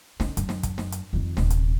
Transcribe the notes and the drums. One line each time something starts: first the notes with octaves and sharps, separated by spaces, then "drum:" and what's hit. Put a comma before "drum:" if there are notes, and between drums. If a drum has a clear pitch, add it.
C#3, drum: snare
F#2, drum: hi-hat
drum: snare
drum: kick, hi-hat
drum: snare
drum: hi-hat
F2 D#3
D#1 C3, drum: snare
drum: hi-hat